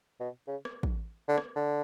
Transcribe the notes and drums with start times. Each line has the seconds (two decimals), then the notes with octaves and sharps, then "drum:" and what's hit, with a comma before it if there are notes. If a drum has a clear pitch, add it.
0.20 B2
0.47 C#3
0.65 drum: rim click
0.83 drum: kick A1
1.28 D3
1.38 drum: rim click
1.55 D3